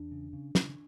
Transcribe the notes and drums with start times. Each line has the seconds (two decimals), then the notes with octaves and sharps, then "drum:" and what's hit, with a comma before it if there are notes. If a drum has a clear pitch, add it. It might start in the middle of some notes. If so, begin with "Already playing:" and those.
Already playing: E2 D4
0.12 C#3
0.33 C#3
0.55 C#3, drum: snare